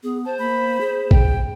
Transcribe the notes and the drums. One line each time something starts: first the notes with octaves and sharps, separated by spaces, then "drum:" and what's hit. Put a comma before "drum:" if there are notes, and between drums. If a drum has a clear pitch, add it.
B3 G#4
C5 A5
A#3 B5
G#4
G5, drum: kick A#1